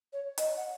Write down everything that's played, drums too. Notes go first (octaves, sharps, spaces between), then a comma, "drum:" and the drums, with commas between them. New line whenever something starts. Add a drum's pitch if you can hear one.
C#5
D#5, drum: hi-hat
F#5